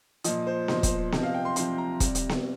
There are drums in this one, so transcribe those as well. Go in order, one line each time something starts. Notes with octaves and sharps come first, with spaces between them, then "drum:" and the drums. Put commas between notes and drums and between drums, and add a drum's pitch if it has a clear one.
A#2 F3 D#5, drum: hi-hat
C5
A#2 F3 D#5, drum: snare B3
drum: kick, hi-hat
C3 F3 D#5, drum: snare B3
F5
G5
C6
C3 F3 C6, drum: hi-hat
A#5
C3 G3, drum: kick, hi-hat
drum: hi-hat
drum: snare B3